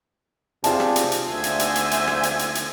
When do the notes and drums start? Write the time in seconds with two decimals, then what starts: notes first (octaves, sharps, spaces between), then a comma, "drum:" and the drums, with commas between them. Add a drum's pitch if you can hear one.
0.64 C3 F4 G#4 D5 A5, drum: hi-hat
0.80 drum: rim click
0.96 drum: hi-hat
1.12 drum: hi-hat
1.28 D2 C5 E5 G#5
1.44 drum: hi-hat
1.60 drum: hi-hat
1.75 drum: hi-hat
1.91 drum: hi-hat
2.07 drum: rim click
2.23 drum: hi-hat
2.39 drum: hi-hat
2.55 drum: hi-hat